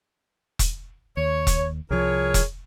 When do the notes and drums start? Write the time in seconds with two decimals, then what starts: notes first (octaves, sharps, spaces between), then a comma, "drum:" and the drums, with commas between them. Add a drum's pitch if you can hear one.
0.59 drum: kick E1, hi-hat
1.17 D#2 C#5
1.47 drum: kick E1, hi-hat
1.90 C2 F3 G#4 A#4 C#5
2.34 drum: kick E1, hi-hat